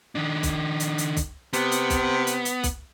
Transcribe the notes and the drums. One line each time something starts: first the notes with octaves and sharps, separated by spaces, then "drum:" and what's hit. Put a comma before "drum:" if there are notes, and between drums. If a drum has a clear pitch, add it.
D#3 D4
drum: kick, hi-hat
drum: hi-hat
drum: hi-hat
drum: kick, hi-hat
C3 B3, drum: hi-hat
drum: hi-hat
drum: kick, hi-hat
drum: hi-hat
drum: hi-hat
drum: kick, hi-hat